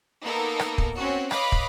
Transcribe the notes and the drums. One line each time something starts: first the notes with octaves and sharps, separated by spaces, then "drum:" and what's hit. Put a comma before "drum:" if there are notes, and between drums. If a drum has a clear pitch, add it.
A#3 B3 D#4 A4 A#4
drum: rim click
drum: kick
C4 C#4 F#4
B4 C#5 D#5 F5 B5 D6, drum: rim click
drum: kick